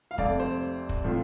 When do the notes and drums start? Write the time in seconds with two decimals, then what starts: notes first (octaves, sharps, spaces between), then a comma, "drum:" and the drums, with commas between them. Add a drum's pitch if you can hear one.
0.11 F5
0.18 F2 C3 A3 D5, drum: kick
0.40 C5
0.89 drum: kick
1.04 A2 F3 C4 F4